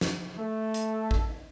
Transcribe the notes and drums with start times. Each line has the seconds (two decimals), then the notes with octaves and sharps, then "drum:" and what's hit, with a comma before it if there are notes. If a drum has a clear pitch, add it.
0.01 drum: snare
0.38 A3 A4
0.74 drum: hi-hat
1.11 drum: kick A1